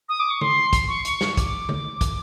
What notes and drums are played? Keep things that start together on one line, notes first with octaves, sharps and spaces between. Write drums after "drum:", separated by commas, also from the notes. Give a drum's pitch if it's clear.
D#6
D6
C#6
C6, drum: tom D3
drum: kick, hi-hat
C#6
drum: hi-hat
drum: snare
D6, drum: kick, hi-hat
drum: tom D3
drum: kick, hi-hat